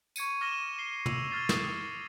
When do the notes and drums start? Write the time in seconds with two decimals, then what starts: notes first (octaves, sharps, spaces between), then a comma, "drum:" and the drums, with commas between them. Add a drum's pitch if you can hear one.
0.16 C#6 G#6 C#7 D#7, drum: tambourine
0.41 D6 F6 A#6 D#7 E7 G7
0.79 C7 G7
1.06 E6 F7 F#7, drum: tom
1.31 F6 G#6 A6 C7
1.49 D#6, drum: snare